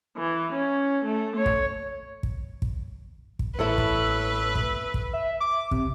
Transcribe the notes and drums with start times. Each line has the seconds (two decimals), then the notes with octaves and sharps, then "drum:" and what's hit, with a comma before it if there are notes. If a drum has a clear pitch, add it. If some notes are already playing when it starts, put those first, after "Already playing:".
0.16 E3
0.52 C#4
1.03 A3
1.35 C#5
1.46 drum: kick
2.23 drum: kick
2.62 drum: kick
3.39 drum: kick
3.59 A1 E3 E4 A4 B4 C#5 E6
3.78 drum: kick
4.55 drum: kick
4.94 drum: kick
5.13 E5
5.40 D6
5.71 C3, drum: kick